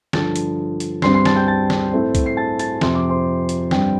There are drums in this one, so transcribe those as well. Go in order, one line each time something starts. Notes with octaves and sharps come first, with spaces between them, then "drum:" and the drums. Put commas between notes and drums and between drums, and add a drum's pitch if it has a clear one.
G2 D3 F3 A5 A6, drum: snare
drum: hi-hat
drum: hi-hat
G2 G3 C4 C6 C7, drum: snare
C6 C7
A5 A6, drum: snare
G5 G6
A5 A6
drum: snare
A2 A3 C4
drum: kick, hi-hat
C7
A5 A6
A5 A6, drum: hi-hat
F2 C3 F3 C4 C6, drum: snare
D6
C5 C6
drum: hi-hat
G2 G3 C4 G5, drum: snare